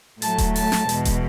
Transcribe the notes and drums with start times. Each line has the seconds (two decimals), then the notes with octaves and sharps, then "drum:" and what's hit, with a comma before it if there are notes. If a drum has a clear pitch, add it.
0.22 A2 F#3 A3 A5, drum: hi-hat
0.38 drum: kick D#1, hi-hat
0.56 A5, drum: open hi-hat
0.72 drum: snare
0.89 E2 B2 G#3, drum: hi-hat
1.05 drum: kick D#1, hi-hat